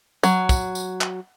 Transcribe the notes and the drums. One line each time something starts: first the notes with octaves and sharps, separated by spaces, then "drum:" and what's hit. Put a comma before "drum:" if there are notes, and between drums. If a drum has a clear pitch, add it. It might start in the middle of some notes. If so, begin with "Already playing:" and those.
F#3, drum: tambourine
drum: kick, tambourine
drum: tambourine
drum: clap